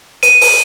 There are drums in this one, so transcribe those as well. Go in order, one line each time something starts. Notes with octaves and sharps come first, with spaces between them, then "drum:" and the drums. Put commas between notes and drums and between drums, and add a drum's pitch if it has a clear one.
D#7, drum: hi-hat
drum: open hi-hat